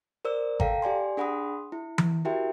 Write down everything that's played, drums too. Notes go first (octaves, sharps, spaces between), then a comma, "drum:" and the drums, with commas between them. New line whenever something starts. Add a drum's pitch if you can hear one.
A#4 C5 D5 E6
A4 F5 G5 A#5, drum: kick G#1
G4 D5 G#5 C6
D4 G#4 F#5 B5 C6 D#6
E4
drum: tom E3
E4 F#4 G4 A#4 E5 G5